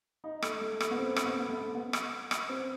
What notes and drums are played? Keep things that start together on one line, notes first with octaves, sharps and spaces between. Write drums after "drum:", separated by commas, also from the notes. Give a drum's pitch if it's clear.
D#4
A3, drum: rim click
A3
A3, drum: rim click
B3
C4
C4, drum: rim click
B3
B3
A3
B3
drum: rim click
drum: rim click
C4